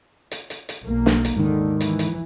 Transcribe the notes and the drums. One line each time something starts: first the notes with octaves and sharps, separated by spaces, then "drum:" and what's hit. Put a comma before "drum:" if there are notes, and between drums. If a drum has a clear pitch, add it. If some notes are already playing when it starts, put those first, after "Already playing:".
drum: hi-hat
drum: hi-hat
drum: hi-hat
B1 A#3
drum: snare
drum: hi-hat
D#2 G#2 D3 D#3
E3, drum: hi-hat
drum: hi-hat